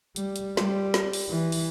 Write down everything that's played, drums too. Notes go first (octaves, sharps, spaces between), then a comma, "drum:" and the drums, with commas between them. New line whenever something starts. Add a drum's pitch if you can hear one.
G3, drum: hi-hat
drum: hi-hat
G3, drum: snare
drum: snare
drum: open hi-hat
E3
drum: open hi-hat